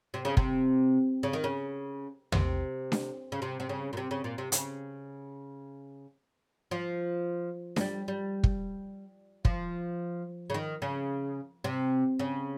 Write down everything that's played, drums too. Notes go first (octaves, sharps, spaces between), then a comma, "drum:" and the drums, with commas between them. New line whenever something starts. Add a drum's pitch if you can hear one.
C3
C#3
C3, drum: kick
C#3
D#3
C#3
C3, drum: tom
drum: snare D4
C#3
C3
C3
C#3
A#2
C3
C#3
A#2
C3
C#3, drum: hi-hat
F3
G#3, drum: snare D4
G3
G3
drum: kick
F3, drum: kick
C#3
D#3
C#3
C3
C#3